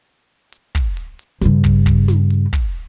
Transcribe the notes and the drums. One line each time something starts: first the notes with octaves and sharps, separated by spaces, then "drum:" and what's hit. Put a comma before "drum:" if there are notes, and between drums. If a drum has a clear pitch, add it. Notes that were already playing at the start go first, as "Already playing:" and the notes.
drum: hi-hat
drum: kick, open hi-hat
drum: hi-hat
drum: hi-hat
G2 C#3, drum: snare
drum: kick, hi-hat
drum: kick, hi-hat
drum: snare
drum: hi-hat
drum: kick, open hi-hat